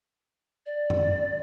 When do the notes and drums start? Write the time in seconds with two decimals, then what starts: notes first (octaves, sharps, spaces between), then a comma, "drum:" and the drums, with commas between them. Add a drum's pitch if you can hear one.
0.66 D5
0.90 drum: tom F#2